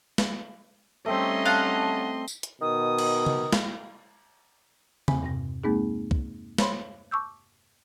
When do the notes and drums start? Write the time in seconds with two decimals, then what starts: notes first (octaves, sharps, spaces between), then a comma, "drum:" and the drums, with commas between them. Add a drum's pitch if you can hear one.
0.18 drum: snare
1.06 G3 A3 C4 C#4 D#4 D#5 C6
1.45 F5 F#5 A5
2.28 drum: tambourine
2.43 drum: hi-hat
2.61 B2 D#3 D#6
2.99 drum: cymbal
3.26 drum: tom C#3
3.53 drum: snare
5.08 E2 C4 G#5, drum: tom C#3
5.23 G2 C3 A#6
5.64 G#3 A#3 C4 D#4 G#4
6.11 drum: kick C2
6.58 C5 C#5 B5 C6, drum: snare
7.11 A5 C#6 D6 E6 G6